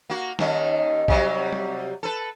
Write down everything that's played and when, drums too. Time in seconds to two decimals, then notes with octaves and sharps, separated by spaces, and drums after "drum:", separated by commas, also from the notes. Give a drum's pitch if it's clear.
0.10 A#3 F#4
0.39 D#2 D#3 C#4, drum: snare
1.08 C3 F#3 G3, drum: kick A#1
1.53 drum: tom
2.03 A4 B4